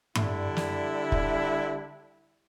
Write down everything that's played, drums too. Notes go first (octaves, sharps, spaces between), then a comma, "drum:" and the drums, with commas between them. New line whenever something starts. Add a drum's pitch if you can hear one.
D3 G3 E4, drum: tom G2
drum: snare
drum: kick